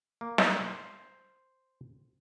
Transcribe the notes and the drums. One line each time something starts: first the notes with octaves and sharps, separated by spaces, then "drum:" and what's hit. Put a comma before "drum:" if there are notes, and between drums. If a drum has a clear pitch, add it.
A#3
drum: snare
C5